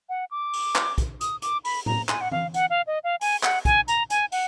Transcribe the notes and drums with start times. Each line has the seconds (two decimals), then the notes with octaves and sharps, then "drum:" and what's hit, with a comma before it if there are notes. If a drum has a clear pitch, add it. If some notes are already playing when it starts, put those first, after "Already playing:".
0.09 F#5
0.31 D6
0.53 drum: open hi-hat
0.76 drum: clap
0.98 drum: kick, hi-hat
1.21 D#6, drum: hi-hat
1.42 D6, drum: hi-hat
1.65 B5, drum: open hi-hat
1.86 A#5, drum: tom A2
2.09 G#5, drum: clap
2.21 F#5
2.31 F5, drum: tom
2.54 F#5, drum: hi-hat
2.70 F5
2.87 D#5
3.04 F5
3.21 G#5, drum: open hi-hat
3.43 F#5, drum: clap
3.65 G#5, drum: kick, hi-hat
3.88 A#5, drum: hi-hat
4.10 G#5, drum: hi-hat
4.32 F#5, drum: open hi-hat